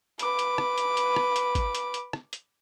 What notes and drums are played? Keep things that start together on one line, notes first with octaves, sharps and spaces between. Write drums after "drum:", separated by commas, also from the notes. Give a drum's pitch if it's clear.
B4 D6, drum: hi-hat
drum: hi-hat
drum: rim click
drum: hi-hat
drum: hi-hat
drum: rim click
drum: hi-hat
drum: kick, hi-hat
drum: hi-hat
drum: hi-hat
drum: rim click
drum: hi-hat